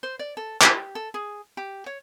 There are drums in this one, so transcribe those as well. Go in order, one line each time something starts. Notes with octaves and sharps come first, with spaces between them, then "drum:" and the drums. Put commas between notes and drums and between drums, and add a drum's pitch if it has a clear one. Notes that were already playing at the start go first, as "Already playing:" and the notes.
C5
D5
A4
G4, drum: clap
A4
G#4
G4
C#5